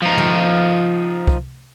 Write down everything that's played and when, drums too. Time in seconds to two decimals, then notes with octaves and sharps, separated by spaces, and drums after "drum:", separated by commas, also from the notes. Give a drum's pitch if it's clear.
0.02 F3 D#4
0.18 drum: tom
1.27 drum: kick